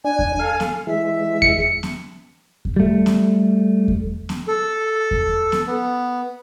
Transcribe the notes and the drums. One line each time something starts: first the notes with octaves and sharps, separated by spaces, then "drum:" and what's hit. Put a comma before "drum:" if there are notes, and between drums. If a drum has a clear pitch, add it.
D4 G#5
drum: kick E2
A4 F5
drum: snare B3
E3 G#3 E5
C#7, drum: kick E2
drum: snare B3
drum: kick E2
G3 A3
drum: snare B3
drum: kick E2
drum: snare B3
A4
drum: kick E2
drum: snare B3
B3